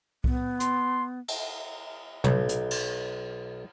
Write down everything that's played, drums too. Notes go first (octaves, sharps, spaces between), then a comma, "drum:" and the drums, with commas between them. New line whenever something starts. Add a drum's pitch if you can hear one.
B3, drum: kick C2
C6, drum: hi-hat
drum: cymbal
B1, drum: tom
drum: hi-hat
drum: cymbal